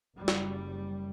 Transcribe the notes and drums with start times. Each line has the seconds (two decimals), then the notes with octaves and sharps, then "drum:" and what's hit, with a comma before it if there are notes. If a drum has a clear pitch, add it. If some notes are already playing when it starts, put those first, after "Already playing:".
0.17 F#1 G3
0.28 drum: snare